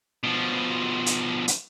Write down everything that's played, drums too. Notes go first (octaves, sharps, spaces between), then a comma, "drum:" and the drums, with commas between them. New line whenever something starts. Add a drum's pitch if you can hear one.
B2 F3
drum: hi-hat
drum: hi-hat